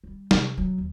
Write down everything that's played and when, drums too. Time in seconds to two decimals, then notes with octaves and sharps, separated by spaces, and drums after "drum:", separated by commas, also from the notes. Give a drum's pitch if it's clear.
0.04 F#3 G3
0.31 C3, drum: snare
0.57 F#3
0.78 D#2